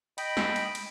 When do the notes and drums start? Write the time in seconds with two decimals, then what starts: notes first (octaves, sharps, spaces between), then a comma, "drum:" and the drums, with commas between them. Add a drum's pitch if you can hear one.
0.18 D#5 G5 B5, drum: cymbal
0.37 drum: snare
0.56 drum: cymbal
0.75 drum: cymbal